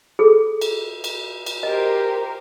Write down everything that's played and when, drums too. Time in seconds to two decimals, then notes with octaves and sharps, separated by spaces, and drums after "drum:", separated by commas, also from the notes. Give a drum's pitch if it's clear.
0.19 G#4 A4
0.61 drum: cymbal
1.04 drum: cymbal
1.46 drum: cymbal
1.63 G4 A#4 C5 D#5